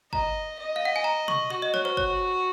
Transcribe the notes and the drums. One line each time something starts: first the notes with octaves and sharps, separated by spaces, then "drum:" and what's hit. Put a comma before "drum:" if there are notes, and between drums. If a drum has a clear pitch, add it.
D#5 A#5, drum: kick G1
D#5
F5
F#5
G#5
A#5
C#6, drum: tom
F#4 C#6
D#5
C#5, drum: snare
C5
C#5, drum: kick G1